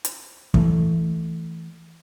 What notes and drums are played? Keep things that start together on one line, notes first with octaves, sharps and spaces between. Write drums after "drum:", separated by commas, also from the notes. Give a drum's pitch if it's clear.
drum: hi-hat
E3 A3, drum: kick